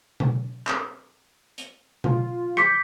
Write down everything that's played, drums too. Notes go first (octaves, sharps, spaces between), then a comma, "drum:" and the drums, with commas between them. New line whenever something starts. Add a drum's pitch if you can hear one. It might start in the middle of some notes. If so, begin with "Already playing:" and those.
drum: tom B2
drum: clap
drum: hi-hat
F4, drum: tom B2
D6 G6 B6 C#7, drum: rim click